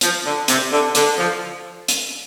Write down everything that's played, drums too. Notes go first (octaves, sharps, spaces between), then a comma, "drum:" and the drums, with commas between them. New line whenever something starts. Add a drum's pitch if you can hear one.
F3, drum: hi-hat
D3
C3, drum: hi-hat
D3
D3, drum: hi-hat
F3
drum: hi-hat